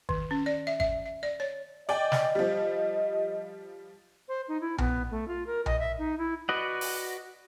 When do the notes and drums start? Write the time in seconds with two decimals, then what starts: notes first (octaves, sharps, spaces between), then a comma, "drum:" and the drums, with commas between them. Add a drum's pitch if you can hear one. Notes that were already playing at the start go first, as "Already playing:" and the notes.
0.09 D#3, drum: kick G#1
0.31 C#4
0.46 D5
0.67 E5
0.80 E5, drum: kick G#1
1.06 E5
1.23 D5
1.40 C#5
1.89 D5 D#5 G5 G#5
2.12 drum: snare
2.35 F3 G3
4.28 C5
4.48 D#4
4.61 E4
4.78 B3, drum: tom B1
5.11 A3
5.28 F4
5.47 A#4
5.66 D#5, drum: tom B1
5.80 E5
5.98 D#4
6.18 E4
6.49 F#4 B4 D5 D#5 F#5
6.81 drum: open hi-hat